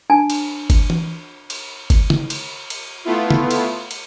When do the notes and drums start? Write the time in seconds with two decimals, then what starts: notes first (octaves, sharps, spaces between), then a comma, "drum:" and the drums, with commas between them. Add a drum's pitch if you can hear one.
0.10 D4 G#5 A5
0.30 drum: cymbal
0.70 drum: kick G1, cymbal
0.90 drum: tom E3
1.50 drum: cymbal
1.90 drum: kick G1, cymbal
2.10 drum: tom C#3
2.30 drum: cymbal
2.70 drum: cymbal
3.05 A3 B3 E4 F4
3.30 drum: tom C#3
3.51 drum: cymbal
3.91 drum: cymbal